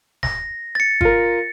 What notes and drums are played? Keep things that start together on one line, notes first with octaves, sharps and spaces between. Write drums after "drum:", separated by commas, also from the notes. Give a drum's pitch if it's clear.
A#6, drum: snare
A6 C#7
F4 A#4, drum: kick